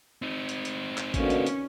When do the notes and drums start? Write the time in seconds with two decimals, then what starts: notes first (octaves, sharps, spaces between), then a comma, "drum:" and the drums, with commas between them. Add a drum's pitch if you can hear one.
0.22 C4 D#4
0.49 drum: hi-hat
0.65 drum: hi-hat
0.98 drum: clap
1.14 B2 D3 A#3 C#4, drum: kick A1, hi-hat
1.30 drum: hi-hat
1.47 drum: hi-hat